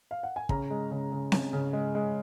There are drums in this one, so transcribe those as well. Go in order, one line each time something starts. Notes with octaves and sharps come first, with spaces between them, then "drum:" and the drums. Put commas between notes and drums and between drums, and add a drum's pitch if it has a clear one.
F5
F#5
G#5
C#3 A#5, drum: kick
G#3
C#3
C#3
C#3, drum: snare C4
C#3
G#3
G#3